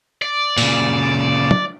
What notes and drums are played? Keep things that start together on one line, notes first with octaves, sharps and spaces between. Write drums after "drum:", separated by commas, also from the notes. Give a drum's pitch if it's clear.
D5
A#2 C#3, drum: open hi-hat
drum: tom